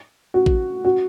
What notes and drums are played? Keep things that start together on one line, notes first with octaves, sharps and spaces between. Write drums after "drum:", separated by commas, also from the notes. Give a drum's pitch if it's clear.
F#4
drum: kick A1
F#4